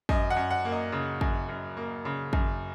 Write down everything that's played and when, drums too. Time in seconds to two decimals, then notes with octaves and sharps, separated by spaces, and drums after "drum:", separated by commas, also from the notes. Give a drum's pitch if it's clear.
0.09 F#2 D#5, drum: kick
0.30 F#5
0.36 F#2
0.50 F#5
0.65 A#3
0.72 D#5
0.92 C#3
1.21 F#2, drum: kick
1.49 F#2
1.77 A#3
2.05 C#3
2.33 F#2, drum: kick